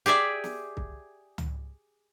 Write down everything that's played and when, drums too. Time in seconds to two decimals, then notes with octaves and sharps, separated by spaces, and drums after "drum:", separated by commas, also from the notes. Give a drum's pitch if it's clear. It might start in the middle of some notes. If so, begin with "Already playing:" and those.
0.06 G4 G#4 D5 E5
0.44 drum: snare
0.77 drum: kick C2
1.38 drum: tom C#2